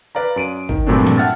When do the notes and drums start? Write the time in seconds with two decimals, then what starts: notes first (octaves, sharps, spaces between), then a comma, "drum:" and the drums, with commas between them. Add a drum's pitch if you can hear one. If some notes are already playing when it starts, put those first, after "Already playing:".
0.15 B4 D5 F5 A#5
0.36 F#2 D7 D#7
0.69 D#3, drum: kick
0.87 G2 A#2 F#3 A3 C4 D4
1.06 drum: snare
1.18 E5 F#5 G5 A5 F6 A6